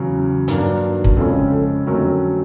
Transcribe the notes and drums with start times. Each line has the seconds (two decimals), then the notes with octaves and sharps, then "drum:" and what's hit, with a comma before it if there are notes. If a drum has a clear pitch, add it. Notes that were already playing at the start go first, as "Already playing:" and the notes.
Already playing: E2 C#3 F#3
0.48 G2 D#3 F#3 A#3 D4, drum: hi-hat
1.04 drum: kick
1.17 F2 C#3 F3 G#3 C#4 A4
1.52 A4
1.86 F2 D3 F#3 A3 C#4 A#4